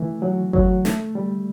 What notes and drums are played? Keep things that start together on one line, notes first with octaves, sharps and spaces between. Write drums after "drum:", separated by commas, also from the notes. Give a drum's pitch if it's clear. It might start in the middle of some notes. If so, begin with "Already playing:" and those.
Already playing: E3 A3
F#3
F#3, drum: kick G1
A3, drum: snare
G3